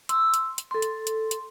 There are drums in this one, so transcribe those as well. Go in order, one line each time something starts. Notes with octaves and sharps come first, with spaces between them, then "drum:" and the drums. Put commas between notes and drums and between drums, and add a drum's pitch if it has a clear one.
C6 E6, drum: hi-hat
drum: hi-hat
drum: hi-hat
A4 C6
drum: hi-hat
drum: hi-hat
drum: hi-hat